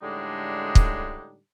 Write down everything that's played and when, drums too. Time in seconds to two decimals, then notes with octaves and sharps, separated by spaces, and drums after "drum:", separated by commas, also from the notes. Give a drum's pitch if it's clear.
0.02 A2 D3 G3 G#3 D4 D#4
0.75 drum: kick